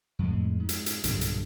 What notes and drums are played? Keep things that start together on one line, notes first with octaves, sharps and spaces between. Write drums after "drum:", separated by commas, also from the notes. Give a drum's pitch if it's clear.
F2 A2 G#3
G#2
drum: hi-hat
drum: hi-hat
B1 G2 A#2 D3, drum: hi-hat
drum: hi-hat